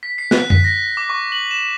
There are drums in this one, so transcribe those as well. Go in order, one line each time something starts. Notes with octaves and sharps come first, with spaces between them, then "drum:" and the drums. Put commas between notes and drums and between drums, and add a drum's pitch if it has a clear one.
B6
C7
F#6, drum: snare
B6, drum: tom F#2
A#6
D6
C#6
F#7
E7